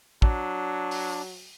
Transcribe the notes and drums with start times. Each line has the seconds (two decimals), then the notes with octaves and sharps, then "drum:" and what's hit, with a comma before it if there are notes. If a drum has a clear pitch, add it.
0.22 F#3 D4, drum: kick
0.91 drum: open hi-hat